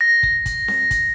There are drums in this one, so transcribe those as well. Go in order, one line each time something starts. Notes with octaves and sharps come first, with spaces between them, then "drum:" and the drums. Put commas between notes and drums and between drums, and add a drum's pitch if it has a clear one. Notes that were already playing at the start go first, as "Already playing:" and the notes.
A#6
drum: kick
drum: kick, hi-hat
drum: snare C4
drum: kick, hi-hat